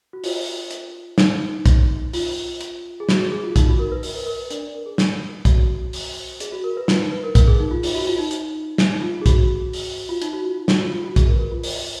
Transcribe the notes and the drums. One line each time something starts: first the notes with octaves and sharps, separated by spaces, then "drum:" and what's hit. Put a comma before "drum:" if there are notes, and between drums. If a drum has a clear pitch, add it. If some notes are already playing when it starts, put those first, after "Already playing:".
F#4
F4, drum: open hi-hat
drum: hi-hat
D#4, drum: snare
drum: kick, hi-hat
F4, drum: open hi-hat
drum: hi-hat
G#4
F#4, drum: snare
G#4
G#4
F4
D#4, drum: kick, hi-hat
F4
F#4
A#4
B4
B4, drum: open hi-hat
A#4
A#4
B4
D4 D5, drum: hi-hat
A#4
G#4
drum: snare
F#4, drum: kick, hi-hat
drum: open hi-hat
G#4, drum: hi-hat
F#4
A#4
B4
F4, drum: snare
D#4
B4
A#4
A#4, drum: kick, hi-hat
G#4
D#4
F4
F4, drum: open hi-hat
F#4
F4
D#4
drum: hi-hat
drum: snare
D#4
F4
G#4
F#4, drum: kick, hi-hat
drum: open hi-hat
F4
D#4, drum: hi-hat
F#4
F4
F4
F#4, drum: snare
F4
F4
F#4
G#4, drum: kick, hi-hat
A#4
B4
A#4
F4
drum: open hi-hat